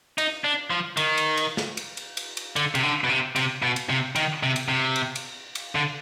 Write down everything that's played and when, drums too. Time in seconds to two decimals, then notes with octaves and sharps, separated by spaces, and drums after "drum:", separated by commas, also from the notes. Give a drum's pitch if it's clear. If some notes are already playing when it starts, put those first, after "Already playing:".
0.18 D#4, drum: cymbal
0.44 D4
0.70 F3
0.97 D#3, drum: cymbal
1.18 drum: cymbal
1.37 drum: cymbal
1.57 drum: snare
1.77 drum: cymbal
1.97 drum: cymbal
2.17 drum: cymbal
2.37 drum: cymbal
2.56 D3, drum: cymbal
2.75 C3, drum: cymbal
2.83 D3
3.04 B2
3.09 C3
3.36 C3, drum: cymbal
3.62 B2
3.76 drum: cymbal
3.89 C3
4.16 D#3, drum: cymbal
4.43 C3
4.56 drum: cymbal
4.68 C3
4.96 drum: cymbal
5.15 drum: cymbal
5.55 drum: cymbal
5.75 D3